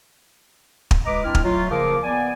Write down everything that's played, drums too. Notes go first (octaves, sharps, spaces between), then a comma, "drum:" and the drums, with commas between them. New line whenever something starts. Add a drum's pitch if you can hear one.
drum: kick
C#2 G#3 B4 D#5 A#5 D6
G#3 C4 D4 E4 F6
drum: kick
F#3 A3 F4
C#3 F3 A#3 A#4 F5 D6
B3 D5 G#5